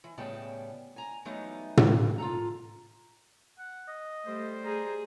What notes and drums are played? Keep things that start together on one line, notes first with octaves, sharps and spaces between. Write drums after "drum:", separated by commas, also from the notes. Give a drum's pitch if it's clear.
E3
A2 C#3 G3 B3 G5 A5
G#5 A#5
E3 F#3 G3 A3 B3 D#4
drum: tom
F4 A4 A#5
F#5
D#5
G3 A3 C5
G#4 A#5